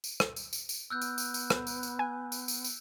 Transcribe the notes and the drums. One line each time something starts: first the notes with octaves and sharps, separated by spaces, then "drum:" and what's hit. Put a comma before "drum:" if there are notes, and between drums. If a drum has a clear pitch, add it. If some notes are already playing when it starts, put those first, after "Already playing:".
drum: tambourine
drum: rim click
drum: tambourine
drum: tambourine
drum: tambourine
B3 E6 F#6 G6
drum: tambourine
drum: tambourine
drum: tambourine
drum: rim click
drum: tambourine
drum: tambourine
G#5
drum: tambourine
drum: tambourine
drum: tambourine